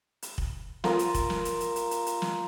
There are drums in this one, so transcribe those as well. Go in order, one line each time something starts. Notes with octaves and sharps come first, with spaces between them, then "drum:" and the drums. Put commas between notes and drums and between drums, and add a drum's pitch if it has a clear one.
drum: hi-hat
drum: kick
F4 A#4 D#6, drum: snare
drum: hi-hat
drum: kick, hi-hat
drum: snare
drum: hi-hat
drum: hi-hat
drum: hi-hat
drum: hi-hat
drum: hi-hat
drum: snare